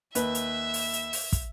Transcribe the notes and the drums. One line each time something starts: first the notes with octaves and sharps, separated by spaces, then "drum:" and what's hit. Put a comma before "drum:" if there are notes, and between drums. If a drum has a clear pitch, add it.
D#2 B4 E5, drum: hi-hat
drum: hi-hat
drum: open hi-hat
drum: hi-hat
drum: open hi-hat
drum: kick, hi-hat